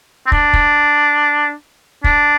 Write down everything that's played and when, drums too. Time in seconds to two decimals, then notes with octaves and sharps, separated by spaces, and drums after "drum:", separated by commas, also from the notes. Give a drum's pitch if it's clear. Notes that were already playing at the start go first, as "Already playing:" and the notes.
0.27 C4
0.32 D4, drum: kick
0.53 drum: kick
2.04 D4, drum: kick